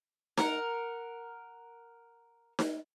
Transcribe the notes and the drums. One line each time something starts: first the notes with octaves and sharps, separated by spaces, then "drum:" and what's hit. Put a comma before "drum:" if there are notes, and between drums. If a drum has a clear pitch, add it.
A#4 F#5, drum: snare D#4
drum: snare D#4